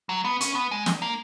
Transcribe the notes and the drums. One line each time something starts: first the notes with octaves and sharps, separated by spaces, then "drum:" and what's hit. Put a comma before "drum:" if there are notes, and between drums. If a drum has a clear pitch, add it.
F#3
B3
C#4, drum: hi-hat
B3
G#3
drum: snare
A#3